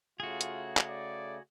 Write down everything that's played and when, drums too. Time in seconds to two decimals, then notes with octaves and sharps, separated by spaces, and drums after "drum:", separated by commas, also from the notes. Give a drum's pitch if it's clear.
0.20 C#3 A3 F4 F#4 G#4
0.41 drum: hi-hat
0.77 drum: clap
0.88 D5